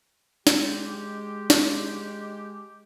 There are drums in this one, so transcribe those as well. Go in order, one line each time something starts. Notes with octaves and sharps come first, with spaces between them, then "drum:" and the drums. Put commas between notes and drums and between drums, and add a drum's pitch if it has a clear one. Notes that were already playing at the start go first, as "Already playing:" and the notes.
G#3 G4, drum: snare
drum: snare